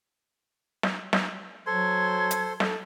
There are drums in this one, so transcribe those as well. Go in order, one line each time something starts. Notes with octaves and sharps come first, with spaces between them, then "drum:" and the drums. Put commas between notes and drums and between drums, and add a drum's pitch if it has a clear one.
drum: snare
drum: snare
F#3 A4 C5 C6 G#6
drum: hi-hat
A4, drum: snare